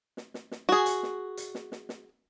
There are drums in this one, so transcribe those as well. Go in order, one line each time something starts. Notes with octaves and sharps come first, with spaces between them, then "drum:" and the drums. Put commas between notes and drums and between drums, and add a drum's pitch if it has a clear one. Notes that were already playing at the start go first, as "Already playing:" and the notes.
drum: snare
drum: snare
drum: snare
F#4 G#4
drum: hi-hat
drum: snare
drum: hi-hat
drum: snare
drum: snare
drum: snare